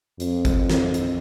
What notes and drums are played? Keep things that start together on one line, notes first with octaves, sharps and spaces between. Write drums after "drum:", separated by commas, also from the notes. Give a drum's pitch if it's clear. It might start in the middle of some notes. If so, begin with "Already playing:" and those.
F2, drum: hi-hat
drum: kick G#1, hi-hat
drum: snare
drum: hi-hat